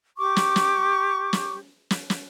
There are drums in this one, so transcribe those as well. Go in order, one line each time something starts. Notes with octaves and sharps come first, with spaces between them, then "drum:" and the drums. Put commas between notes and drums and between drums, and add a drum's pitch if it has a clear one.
G4 C#6 D6
drum: snare
drum: snare
drum: snare
drum: snare
drum: snare